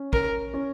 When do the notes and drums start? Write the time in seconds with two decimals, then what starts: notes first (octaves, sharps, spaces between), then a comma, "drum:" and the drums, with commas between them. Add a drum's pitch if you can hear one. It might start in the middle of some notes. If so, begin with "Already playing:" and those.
Already playing: C#4
0.13 A#4, drum: kick
0.54 C#4